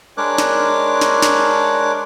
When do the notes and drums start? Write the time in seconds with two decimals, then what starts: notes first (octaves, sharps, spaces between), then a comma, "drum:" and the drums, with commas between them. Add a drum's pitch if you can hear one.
0.17 G#3 D4 A#4 C#5 D6 F#6
0.38 drum: snare
1.01 drum: snare
1.22 drum: snare